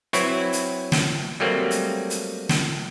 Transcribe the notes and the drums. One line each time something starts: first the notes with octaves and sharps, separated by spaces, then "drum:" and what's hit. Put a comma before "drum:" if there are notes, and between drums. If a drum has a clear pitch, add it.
F#3 C4 E4 B4 C#5, drum: hi-hat
drum: hi-hat
drum: snare
F#3 G3 A3 A#3 C4
drum: hi-hat
drum: hi-hat
drum: snare